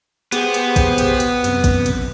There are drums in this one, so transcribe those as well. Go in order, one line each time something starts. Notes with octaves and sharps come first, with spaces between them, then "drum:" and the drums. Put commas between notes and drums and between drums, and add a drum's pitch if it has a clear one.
B3 G4 G#4 C5, drum: hi-hat
drum: hi-hat
drum: kick, hi-hat
drum: hi-hat
drum: hi-hat
F#2 C3, drum: hi-hat
drum: kick, hi-hat
drum: hi-hat